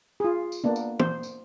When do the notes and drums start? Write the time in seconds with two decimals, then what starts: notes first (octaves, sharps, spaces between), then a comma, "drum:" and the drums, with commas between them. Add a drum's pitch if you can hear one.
0.20 F4 G#4
0.52 drum: tambourine
0.64 A#3 B3 D4
0.76 drum: tambourine
1.00 C5, drum: tom
1.23 drum: tambourine